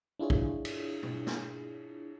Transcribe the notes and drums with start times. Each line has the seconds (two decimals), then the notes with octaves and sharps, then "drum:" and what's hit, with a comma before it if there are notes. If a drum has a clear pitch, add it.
0.19 D4 E4 F4 G#4 C#5
0.30 drum: kick
0.65 drum: cymbal
1.03 drum: tom B2
1.27 drum: snare